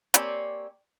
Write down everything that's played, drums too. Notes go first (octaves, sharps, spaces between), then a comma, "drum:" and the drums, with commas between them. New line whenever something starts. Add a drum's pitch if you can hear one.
A#3 C4 G4 C#5 D5 G#5, drum: hi-hat